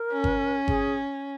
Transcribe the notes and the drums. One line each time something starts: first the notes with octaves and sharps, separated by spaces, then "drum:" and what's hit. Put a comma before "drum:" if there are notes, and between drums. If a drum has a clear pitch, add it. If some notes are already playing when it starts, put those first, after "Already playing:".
Already playing: A#4
C#4
drum: kick G1
G#4, drum: kick G1